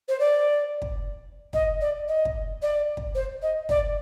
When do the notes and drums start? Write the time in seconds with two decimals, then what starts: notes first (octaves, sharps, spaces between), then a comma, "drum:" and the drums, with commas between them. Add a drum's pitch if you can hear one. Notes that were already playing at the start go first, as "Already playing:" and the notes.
0.08 C5
0.19 D5
0.82 drum: kick
1.53 D#5, drum: kick
1.81 D5
2.08 D#5
2.25 drum: kick
2.62 D5
2.97 drum: kick
3.15 C5
3.42 D#5
3.69 D5, drum: kick